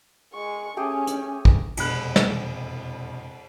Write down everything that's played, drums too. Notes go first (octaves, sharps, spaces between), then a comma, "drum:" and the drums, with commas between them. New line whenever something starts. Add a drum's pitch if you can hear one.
G#3 C#6
A3 C#4 G4 G#4
drum: hi-hat
drum: kick
E1 F2 C3 B5 F#6 F#7, drum: cymbal
drum: snare